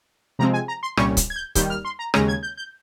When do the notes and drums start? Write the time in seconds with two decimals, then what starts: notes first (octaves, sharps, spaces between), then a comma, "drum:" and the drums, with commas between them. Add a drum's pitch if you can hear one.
0.39 C3 F3 G#3 C4 A#5
0.53 G#5
0.68 A#5
0.83 C6
0.97 C2 A#2 G3 C#4 C#6, drum: rim click
1.17 drum: kick C#1, hi-hat
1.30 G#6
1.36 G6
1.55 D#2 D#3 G3 G6, drum: kick C#1, hi-hat
1.70 F6
1.85 C6
1.99 A#5
2.14 D#2 C#3 G#3 C#4 A#5, drum: rim click
2.28 G#6
2.43 G6
2.57 G6